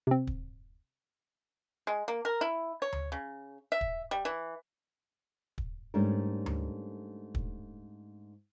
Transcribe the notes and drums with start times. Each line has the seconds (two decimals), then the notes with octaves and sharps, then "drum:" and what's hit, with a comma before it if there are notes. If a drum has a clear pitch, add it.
0.07 C3 C4
0.27 drum: kick
1.87 G#3
2.08 A#3
2.25 A#4
2.41 E4
2.82 C#5
2.93 drum: tom D2
3.12 C#3
3.72 E5
3.81 drum: kick
4.11 G3
4.25 E3
5.58 drum: kick
5.94 G#2 G3 A3 C#4 D4 A#4
6.46 drum: tom D2
7.35 drum: kick